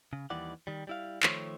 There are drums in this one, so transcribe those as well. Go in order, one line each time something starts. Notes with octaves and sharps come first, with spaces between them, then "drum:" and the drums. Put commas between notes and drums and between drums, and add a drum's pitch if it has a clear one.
C#3
D#2 D#3 E3 G3 D5 F#5
D#3 G3
G3 E4 F5
D#3 F3 A3 C5 C#5, drum: clap